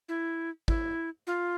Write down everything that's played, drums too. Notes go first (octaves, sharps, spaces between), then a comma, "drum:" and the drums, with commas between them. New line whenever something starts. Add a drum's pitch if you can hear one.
E4
E4, drum: kick
F4